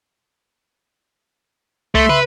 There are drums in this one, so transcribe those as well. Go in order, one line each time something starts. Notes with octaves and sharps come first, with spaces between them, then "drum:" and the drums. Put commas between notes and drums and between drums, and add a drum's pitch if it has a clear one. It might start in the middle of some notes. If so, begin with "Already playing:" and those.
A3 E5 C6, drum: kick C2
B4, drum: tom